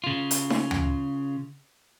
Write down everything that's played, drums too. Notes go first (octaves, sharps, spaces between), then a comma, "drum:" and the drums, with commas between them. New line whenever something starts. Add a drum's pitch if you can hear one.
C#3 F4
drum: hi-hat
drum: snare D#4
drum: tom D2